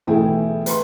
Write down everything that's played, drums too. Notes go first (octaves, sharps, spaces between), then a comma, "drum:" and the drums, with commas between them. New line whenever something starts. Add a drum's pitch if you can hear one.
B1 E3 A3 E4 G#4 G5
B4 B5 C6, drum: hi-hat